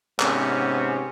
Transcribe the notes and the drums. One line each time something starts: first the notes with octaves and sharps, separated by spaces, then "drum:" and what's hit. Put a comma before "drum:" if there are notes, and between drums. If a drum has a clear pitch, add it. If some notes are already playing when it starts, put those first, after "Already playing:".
G#2 C3 B3 C#4, drum: clap